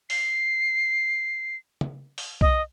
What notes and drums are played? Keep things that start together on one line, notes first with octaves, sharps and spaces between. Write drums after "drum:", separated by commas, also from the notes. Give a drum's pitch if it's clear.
C7, drum: open hi-hat
drum: tom
drum: open hi-hat
D#5, drum: kick B1